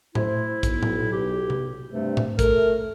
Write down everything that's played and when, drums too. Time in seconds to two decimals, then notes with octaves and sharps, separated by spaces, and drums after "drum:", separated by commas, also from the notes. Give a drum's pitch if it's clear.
0.15 A3 E4 C5, drum: tom A2
0.63 B1, drum: kick, hi-hat
0.83 drum: tom A2
1.13 G4
1.50 drum: tom C3
1.91 G2 C3 A3
2.17 drum: tom A2
2.39 A3 A#4, drum: kick, hi-hat